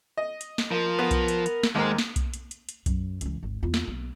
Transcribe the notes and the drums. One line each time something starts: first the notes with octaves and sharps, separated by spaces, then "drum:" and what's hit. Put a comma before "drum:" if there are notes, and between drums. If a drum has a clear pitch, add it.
D#5
drum: hi-hat
drum: snare
F3 A#4
B3
drum: kick B1, hi-hat
drum: hi-hat
drum: hi-hat
drum: snare
D#2 G#2 G#3 A#4 C5
drum: snare
drum: kick B1, hi-hat
drum: hi-hat
drum: hi-hat
drum: hi-hat
F#2 F#3, drum: kick B1, hi-hat
C#2 E3, drum: hi-hat
G#1 D2
E2 F4
drum: snare
B1